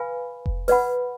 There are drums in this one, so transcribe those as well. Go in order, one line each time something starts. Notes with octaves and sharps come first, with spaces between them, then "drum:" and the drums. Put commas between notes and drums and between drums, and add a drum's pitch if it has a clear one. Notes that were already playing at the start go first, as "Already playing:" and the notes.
Already playing: B4 F5 G#5 B5
drum: kick F1
B4 D5 F#5 B5, drum: open hi-hat